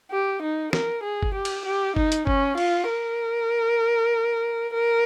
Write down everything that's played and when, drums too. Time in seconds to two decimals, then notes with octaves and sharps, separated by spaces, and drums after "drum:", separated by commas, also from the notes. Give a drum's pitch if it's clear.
0.11 G4
0.42 D#4
0.73 A#4, drum: snare
1.04 G#4
1.23 drum: kick G1
1.34 G4
1.45 drum: cymbal
1.66 G4
1.96 D#4, drum: kick G1
2.12 drum: hi-hat
2.27 C#4, drum: kick G1
2.58 F4, drum: cymbal
2.89 A#4
4.74 A#4